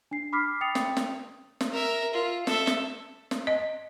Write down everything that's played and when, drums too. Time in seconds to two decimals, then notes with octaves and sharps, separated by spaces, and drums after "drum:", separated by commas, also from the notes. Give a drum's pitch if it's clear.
0.11 D4 C7
0.33 B5 D6 F6 B6 C7
0.61 G5 D#6 A6 C#7 F7
0.75 drum: snare
0.97 drum: snare
1.61 drum: snare
1.73 A#4 E5
2.14 F4
2.47 A4 E5, drum: snare
2.67 drum: snare
3.31 drum: snare
3.47 D#5